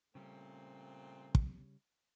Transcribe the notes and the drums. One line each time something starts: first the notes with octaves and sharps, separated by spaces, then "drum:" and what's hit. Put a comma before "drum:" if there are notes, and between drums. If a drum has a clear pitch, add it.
A#2 C#3 G3 A3 C4 C#4
drum: kick